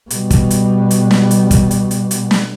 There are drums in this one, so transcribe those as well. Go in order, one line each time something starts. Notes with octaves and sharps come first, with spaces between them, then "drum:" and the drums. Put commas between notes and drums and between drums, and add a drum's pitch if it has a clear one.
B2 G3, drum: hi-hat
drum: kick, hi-hat
drum: hi-hat
drum: hi-hat
drum: snare
drum: hi-hat
drum: kick, hi-hat
drum: hi-hat
drum: hi-hat
drum: hi-hat
drum: snare